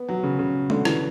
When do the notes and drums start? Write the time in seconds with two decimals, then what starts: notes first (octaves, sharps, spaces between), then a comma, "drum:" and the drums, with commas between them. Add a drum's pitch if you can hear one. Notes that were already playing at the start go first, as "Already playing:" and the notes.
Already playing: B3
0.09 F#3
0.23 C#3
0.39 C#3
0.70 D3, drum: tom G#3
0.85 E3, drum: rim click